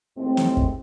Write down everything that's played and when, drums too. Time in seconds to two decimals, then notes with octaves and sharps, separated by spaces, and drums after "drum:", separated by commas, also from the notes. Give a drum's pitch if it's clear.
0.17 D#2 A2 G#3 C4
0.37 drum: snare
0.57 drum: kick